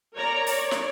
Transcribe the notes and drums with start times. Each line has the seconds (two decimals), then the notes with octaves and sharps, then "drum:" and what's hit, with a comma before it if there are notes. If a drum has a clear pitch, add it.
0.16 A#4 C#5 D5 A#5
0.47 C#5 D5, drum: open hi-hat
0.71 drum: snare